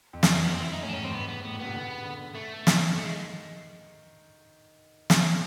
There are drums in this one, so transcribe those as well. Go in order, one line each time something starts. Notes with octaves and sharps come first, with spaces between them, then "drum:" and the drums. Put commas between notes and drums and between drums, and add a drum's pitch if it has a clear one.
F2
F#2 C4, drum: snare
A#3
B3
C4
E4
D#4
A2 C#4
D4
G#2 C#4
G2 C4
G#2 B3
B3
A2 B3
A#2
B3
C3
D3
C#3
D3
A3
D#3, drum: snare
A3
G#3
drum: snare